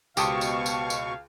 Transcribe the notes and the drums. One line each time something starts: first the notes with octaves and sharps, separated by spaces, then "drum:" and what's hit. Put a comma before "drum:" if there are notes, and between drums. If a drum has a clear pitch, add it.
C#2 B2 G4 C5 F5 A5 C#6 D#6, drum: tambourine
drum: tambourine
drum: tambourine
drum: tambourine